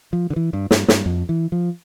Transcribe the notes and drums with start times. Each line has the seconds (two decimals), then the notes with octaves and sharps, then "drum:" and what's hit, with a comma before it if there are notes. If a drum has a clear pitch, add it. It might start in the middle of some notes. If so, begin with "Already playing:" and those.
0.13 F3
0.30 D3
0.36 E3
0.53 G2
0.71 G2, drum: snare
0.88 G2, drum: snare
1.06 F2
1.29 E3
1.52 F3